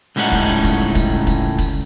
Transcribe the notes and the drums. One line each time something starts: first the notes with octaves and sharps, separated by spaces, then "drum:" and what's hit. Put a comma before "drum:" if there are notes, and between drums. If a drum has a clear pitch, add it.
C#2 A2 G3 C#4 D#4 F#5
drum: kick
drum: kick, hi-hat
drum: kick, hi-hat
drum: kick, hi-hat
drum: kick, hi-hat